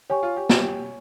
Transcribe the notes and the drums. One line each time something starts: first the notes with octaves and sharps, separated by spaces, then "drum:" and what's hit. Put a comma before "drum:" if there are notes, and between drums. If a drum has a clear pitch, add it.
G4 C#5 G#5 C#6
F4
G4
G4, drum: snare
G4